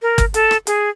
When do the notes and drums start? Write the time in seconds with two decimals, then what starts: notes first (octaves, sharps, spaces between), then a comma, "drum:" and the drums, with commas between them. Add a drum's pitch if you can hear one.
0.02 A#4
0.18 drum: kick G1, hi-hat
0.34 A4, drum: hi-hat
0.51 drum: rim click
0.67 G#4, drum: hi-hat